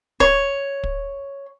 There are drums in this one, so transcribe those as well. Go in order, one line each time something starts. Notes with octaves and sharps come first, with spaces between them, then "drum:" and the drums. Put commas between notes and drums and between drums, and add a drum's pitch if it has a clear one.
C#5, drum: kick
drum: kick